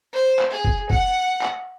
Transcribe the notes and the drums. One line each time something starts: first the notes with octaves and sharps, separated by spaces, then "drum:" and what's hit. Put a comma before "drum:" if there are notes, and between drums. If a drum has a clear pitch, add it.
C5
drum: clap
G#4
drum: kick
F#5, drum: kick
drum: clap